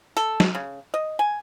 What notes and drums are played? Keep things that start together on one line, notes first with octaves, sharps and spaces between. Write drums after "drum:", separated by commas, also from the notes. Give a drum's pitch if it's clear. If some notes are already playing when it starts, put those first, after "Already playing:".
A4, drum: hi-hat
drum: snare
C#3
D#5
G#5